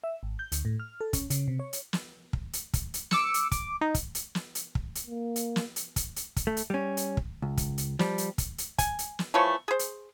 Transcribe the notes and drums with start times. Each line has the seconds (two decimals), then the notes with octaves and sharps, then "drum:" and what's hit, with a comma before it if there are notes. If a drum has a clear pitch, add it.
0.04 E5
0.23 G#1
0.39 G6
0.52 D2, drum: hi-hat
0.65 A2
0.80 F6
1.01 A4
1.13 C#4, drum: kick, hi-hat
1.30 C#3, drum: hi-hat
1.48 C3
1.59 C#5
1.73 drum: hi-hat
1.93 drum: snare
2.33 drum: kick
2.53 drum: hi-hat
2.74 drum: kick, hi-hat
2.94 drum: hi-hat
3.11 D6 E6 C#7, drum: snare
3.34 drum: hi-hat
3.52 D6, drum: kick, hi-hat
3.81 D#4
3.95 drum: kick, hi-hat
4.15 drum: hi-hat
4.35 drum: snare
4.55 drum: hi-hat
4.75 drum: kick
4.95 drum: hi-hat
5.07 A#3
5.36 drum: hi-hat
5.56 drum: snare
5.76 drum: hi-hat
5.96 drum: kick, hi-hat
6.16 drum: hi-hat
6.36 drum: kick, hi-hat
6.47 A3
6.57 drum: hi-hat
6.70 G3 C#4
6.97 drum: hi-hat
7.17 drum: kick
7.42 C#2
7.57 drum: kick, hi-hat
7.78 drum: hi-hat
7.99 F3 G3, drum: snare
8.18 drum: hi-hat
8.38 drum: kick, hi-hat
8.58 drum: hi-hat
8.78 G#5, drum: kick, hi-hat
8.99 drum: hi-hat
9.19 drum: snare
9.34 E3 F3 A3 C#5
9.68 G#4 C5
9.79 drum: hi-hat